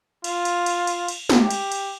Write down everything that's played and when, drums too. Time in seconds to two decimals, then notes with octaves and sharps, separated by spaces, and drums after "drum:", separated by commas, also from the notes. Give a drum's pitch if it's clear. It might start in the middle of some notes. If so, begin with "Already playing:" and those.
0.24 F4, drum: cymbal
0.45 drum: cymbal
0.66 drum: cymbal
0.87 drum: cymbal
1.08 drum: cymbal
1.29 drum: snare
1.39 G4
1.51 drum: cymbal
1.72 drum: cymbal